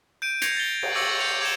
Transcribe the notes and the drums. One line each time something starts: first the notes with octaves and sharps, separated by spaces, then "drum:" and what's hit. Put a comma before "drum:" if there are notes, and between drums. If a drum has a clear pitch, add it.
G6 D7 D#7
G6 G#6 A#6 C7 C#7 F7, drum: hi-hat
A6 G7
drum: cymbal
C#6 D6 E6 A#6 C#7 F#7
G6 C#7 F7
D6 G#6 C#7 E7 G7